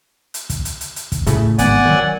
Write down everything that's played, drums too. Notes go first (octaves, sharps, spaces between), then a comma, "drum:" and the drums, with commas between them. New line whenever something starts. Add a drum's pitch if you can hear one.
drum: hi-hat
drum: kick, hi-hat
drum: hi-hat
drum: hi-hat
drum: hi-hat
drum: kick, hi-hat
A2 C#3 A3, drum: hi-hat
G#1 B3 D5 F#5 G#5, drum: hi-hat
D#3 F#3